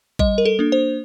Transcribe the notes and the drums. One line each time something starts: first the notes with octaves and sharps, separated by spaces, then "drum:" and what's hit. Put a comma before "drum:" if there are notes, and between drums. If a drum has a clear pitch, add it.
G3 D#5, drum: kick A1
A#4
A4
A#3 D4
C5